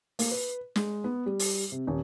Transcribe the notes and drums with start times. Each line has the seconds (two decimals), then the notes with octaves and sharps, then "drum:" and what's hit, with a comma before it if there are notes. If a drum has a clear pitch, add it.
0.19 A#3, drum: open hi-hat
0.31 B4
0.76 G#3, drum: snare
1.04 B3
1.26 G3
1.39 drum: open hi-hat
1.72 C3
1.87 D#1